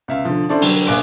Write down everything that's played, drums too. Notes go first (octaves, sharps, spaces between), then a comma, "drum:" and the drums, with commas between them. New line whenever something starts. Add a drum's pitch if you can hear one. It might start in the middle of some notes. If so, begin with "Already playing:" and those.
C#2 E5 F5
D3 F3
C#4 D4 E4 A4 C5 D5
D3 F#3 G3, drum: open hi-hat
A#1 F5 G#5 D6 F#6 D7